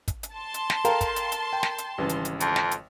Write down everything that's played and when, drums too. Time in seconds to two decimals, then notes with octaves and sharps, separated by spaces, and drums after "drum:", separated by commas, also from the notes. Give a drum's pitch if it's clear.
0.08 drum: kick, hi-hat
0.23 drum: hi-hat
0.33 A5 C6
0.54 drum: hi-hat
0.70 drum: snare
0.85 A4 A#4 F5 G5 A#5, drum: hi-hat
1.01 drum: kick, hi-hat
1.16 drum: hi-hat
1.32 drum: hi-hat
1.53 G5
1.63 drum: snare
1.78 drum: hi-hat
1.98 G#1 C#3 E3 G3
2.09 drum: hi-hat
2.25 drum: hi-hat
2.40 F2, drum: hi-hat
2.56 drum: snare
2.71 drum: hi-hat